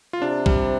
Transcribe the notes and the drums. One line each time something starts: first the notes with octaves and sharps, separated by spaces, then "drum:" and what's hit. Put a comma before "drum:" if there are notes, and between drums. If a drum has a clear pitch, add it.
F4
C3 D4
G3, drum: kick